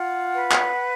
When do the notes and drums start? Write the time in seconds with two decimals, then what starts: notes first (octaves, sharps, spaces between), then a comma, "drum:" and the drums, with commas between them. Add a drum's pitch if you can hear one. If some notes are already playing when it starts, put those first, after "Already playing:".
Already playing: F4 F#5
0.35 B4
0.51 drum: clap